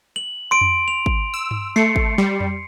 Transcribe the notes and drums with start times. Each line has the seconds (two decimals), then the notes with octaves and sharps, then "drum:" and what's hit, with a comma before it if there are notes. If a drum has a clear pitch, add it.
0.16 F#7
0.51 C6 D7
0.61 drum: tom F2
0.88 F7
1.06 drum: kick G#1
1.34 E6
1.51 drum: tom G2
1.76 A3 C7 C#7
1.96 drum: kick G#1
2.18 G3
2.41 drum: tom F2